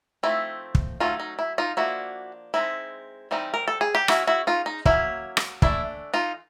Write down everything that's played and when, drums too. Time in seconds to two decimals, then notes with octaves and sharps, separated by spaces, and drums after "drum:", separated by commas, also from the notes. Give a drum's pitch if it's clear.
0.23 F3 A3 C4 D#4 E4
0.75 drum: kick
1.00 F#3 A3 C#4 D#4 F4
1.20 D#4
1.39 E4
1.58 D#4 F4
1.77 F3 A#3 D4 E4 F#4
2.54 G#3 C4 D#4 E4
3.31 E3 G3 C4 D#4
3.54 A#4
3.68 A4
3.81 G#4
3.95 G4
4.08 G#3 C#4 E4 F#4, drum: rim click
4.27 E4 F#4
4.47 D#4 F4
4.66 D#4
4.85 F#3 A#3 C#4 E4, drum: kick
5.37 drum: rim click
5.62 E3 A3 D4 E4, drum: kick
6.14 D#4 F4